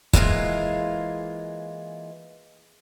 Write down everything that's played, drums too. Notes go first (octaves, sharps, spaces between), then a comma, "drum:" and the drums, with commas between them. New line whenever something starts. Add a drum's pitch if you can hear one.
E3 G#3 A#3 B3 F4 G#4, drum: kick